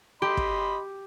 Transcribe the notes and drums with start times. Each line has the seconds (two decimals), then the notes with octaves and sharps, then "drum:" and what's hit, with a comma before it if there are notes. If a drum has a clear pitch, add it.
0.22 G4 D#5 B5 C6
0.37 drum: kick